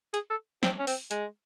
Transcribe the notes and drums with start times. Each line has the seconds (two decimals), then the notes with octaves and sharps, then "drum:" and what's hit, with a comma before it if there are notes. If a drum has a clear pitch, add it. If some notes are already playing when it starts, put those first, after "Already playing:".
0.14 G#4, drum: hi-hat
0.30 A4
0.63 C4, drum: snare
0.79 C#4
0.87 C4, drum: open hi-hat
1.11 G#3, drum: hi-hat